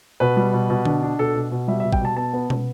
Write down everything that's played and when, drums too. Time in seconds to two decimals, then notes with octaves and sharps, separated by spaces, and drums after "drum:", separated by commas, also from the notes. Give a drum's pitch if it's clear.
0.20 B2 B4
0.37 G3
0.53 B2
0.70 B2
0.85 D4, drum: tom D3
1.03 D4
1.19 B2 A4
1.35 B2
1.51 B2
1.68 G3 E5
1.80 E5
1.84 B2
1.93 G5, drum: kick
2.01 B2 A5
2.17 B3 A5
2.33 B3
2.50 B3, drum: tom